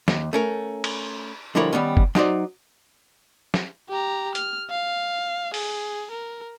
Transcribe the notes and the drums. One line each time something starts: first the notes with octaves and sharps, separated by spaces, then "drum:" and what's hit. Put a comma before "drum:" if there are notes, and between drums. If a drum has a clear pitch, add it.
D#2, drum: snare
A3 C#4 A#4
drum: cymbal
D3 F3 G3 E4 A#4 C#5
D#3 G3 B3 C#4
drum: kick
F#3 D#4 C5 D5, drum: snare
drum: snare
G4 A#5
F6, drum: hi-hat
F5
G#4, drum: open hi-hat
A#4